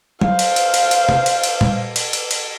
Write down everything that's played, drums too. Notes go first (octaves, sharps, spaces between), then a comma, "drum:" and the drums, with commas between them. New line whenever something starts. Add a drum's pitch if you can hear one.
C5 F5, drum: tom
drum: cymbal
drum: cymbal
drum: cymbal
drum: cymbal
drum: tom
drum: cymbal
drum: cymbal
drum: tom A#2
drum: cymbal
drum: cymbal
drum: cymbal